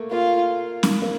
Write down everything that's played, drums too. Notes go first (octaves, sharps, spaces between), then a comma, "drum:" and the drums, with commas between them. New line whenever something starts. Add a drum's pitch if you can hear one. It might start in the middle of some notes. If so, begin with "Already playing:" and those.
Already playing: A3 A#3
A#3 F4
drum: snare C#4
A#3